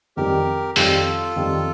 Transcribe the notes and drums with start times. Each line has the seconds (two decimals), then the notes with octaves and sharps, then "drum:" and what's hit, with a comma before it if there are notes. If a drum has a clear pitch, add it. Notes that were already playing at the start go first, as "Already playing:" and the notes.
0.17 F2 D#3 G3 G4 A#4
0.76 F2 D#3 G3 F4 A4, drum: open hi-hat
1.36 F2 D#3 G3